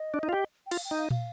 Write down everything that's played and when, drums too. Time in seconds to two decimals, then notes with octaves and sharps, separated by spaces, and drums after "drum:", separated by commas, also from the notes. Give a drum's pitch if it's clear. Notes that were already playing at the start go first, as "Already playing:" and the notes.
Already playing: D#5
0.14 D4
0.23 D#4
0.29 F4
0.33 G4
0.66 G5
0.71 F4 F5, drum: cymbal
0.85 G5
0.91 D#4
0.98 F5
1.10 F5, drum: tom